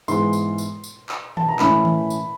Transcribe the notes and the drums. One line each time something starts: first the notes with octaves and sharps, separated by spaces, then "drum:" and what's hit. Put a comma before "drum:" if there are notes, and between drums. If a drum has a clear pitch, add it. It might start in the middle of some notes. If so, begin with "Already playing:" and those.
G#2 E3 G#3 B3 C6, drum: tambourine
drum: tambourine
drum: tambourine
drum: tambourine
drum: clap
A5, drum: tom D#3
A#5
A2 E3 A3 C#4 B5, drum: clap
drum: tom D#3
drum: tambourine